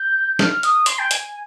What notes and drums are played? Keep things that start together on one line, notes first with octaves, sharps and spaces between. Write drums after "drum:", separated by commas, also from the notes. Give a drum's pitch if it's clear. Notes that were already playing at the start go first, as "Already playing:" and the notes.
Already playing: G6
F6, drum: snare
D#6, drum: hi-hat
C6, drum: hi-hat
G5
G#5, drum: hi-hat